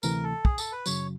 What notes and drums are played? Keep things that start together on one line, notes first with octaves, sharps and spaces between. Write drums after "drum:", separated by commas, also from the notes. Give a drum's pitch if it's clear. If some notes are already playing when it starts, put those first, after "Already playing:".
D2 C3 E3 A3 A#4, drum: tambourine
A4
G#4, drum: kick
A4, drum: tambourine
B4
F#2 C#3 F#3 C#5, drum: tambourine